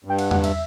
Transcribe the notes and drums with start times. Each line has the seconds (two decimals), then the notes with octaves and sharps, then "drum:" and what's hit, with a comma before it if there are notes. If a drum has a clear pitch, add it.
0.04 G2 G5
0.19 F#5, drum: cymbal
0.31 F#5, drum: tom E2
0.44 E5, drum: cymbal